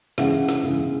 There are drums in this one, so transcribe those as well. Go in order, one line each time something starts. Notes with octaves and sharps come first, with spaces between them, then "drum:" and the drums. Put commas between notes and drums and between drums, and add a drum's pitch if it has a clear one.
C#3 E3 G#3 E5 F#5, drum: snare
drum: tambourine
drum: snare
C#3 E3 G#3, drum: tambourine
drum: tambourine